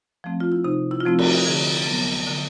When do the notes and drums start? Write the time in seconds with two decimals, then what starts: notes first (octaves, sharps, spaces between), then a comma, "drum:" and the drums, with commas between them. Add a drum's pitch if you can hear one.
0.24 F3 A3 C4
0.40 F4
0.52 E4
0.64 C3 D#4
0.91 E4
1.00 F4
1.05 F3 A3 C4 E4
1.19 F#4, drum: cymbal
1.46 D3 G#4
1.87 F#3 B3
2.27 D3